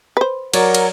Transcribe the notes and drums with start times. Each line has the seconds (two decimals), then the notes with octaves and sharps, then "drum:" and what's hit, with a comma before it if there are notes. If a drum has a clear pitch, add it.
0.17 B4 C5
0.54 F#3 A#4 C#5 D5 F#5 A#5, drum: cymbal
0.75 drum: cymbal